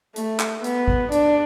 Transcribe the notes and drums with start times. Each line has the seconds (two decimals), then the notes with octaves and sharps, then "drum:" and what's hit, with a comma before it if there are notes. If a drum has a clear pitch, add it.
0.16 A3, drum: hi-hat
0.39 drum: clap
0.64 B3, drum: hi-hat
0.88 drum: kick G#1
1.12 D4, drum: hi-hat